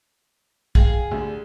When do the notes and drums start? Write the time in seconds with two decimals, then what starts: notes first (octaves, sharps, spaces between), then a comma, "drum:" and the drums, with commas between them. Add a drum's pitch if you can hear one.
0.75 G#4 F5, drum: kick
1.11 D2 G3